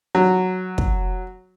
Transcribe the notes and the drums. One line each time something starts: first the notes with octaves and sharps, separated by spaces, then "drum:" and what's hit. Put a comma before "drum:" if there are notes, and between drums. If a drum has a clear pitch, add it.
F#3
drum: kick